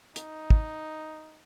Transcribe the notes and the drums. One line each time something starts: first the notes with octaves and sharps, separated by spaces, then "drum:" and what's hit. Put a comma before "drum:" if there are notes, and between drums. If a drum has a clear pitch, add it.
D#4, drum: hi-hat
drum: kick